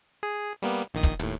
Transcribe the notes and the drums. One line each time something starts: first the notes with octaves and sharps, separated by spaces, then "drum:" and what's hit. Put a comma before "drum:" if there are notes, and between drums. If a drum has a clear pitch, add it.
G#4
G3 A#3 B3
A#1 D#3 D#6
drum: kick, hi-hat
D#2 A2, drum: hi-hat